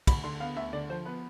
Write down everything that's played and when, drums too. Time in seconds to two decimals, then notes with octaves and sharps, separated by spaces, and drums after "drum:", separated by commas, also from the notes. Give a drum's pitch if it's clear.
0.07 D2 B5, drum: kick, cymbal
0.24 D3 C6
0.40 B3 F5
0.56 D2 E5
0.73 D3 D5
0.89 F3 C5
1.05 B3 B4